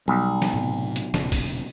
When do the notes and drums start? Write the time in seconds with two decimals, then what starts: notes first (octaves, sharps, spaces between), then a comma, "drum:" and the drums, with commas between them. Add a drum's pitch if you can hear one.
0.08 B1 G3
0.42 drum: snare
0.54 A2 C3
0.96 drum: hi-hat
1.14 E1 A#2 C#3, drum: snare
1.32 drum: kick, open hi-hat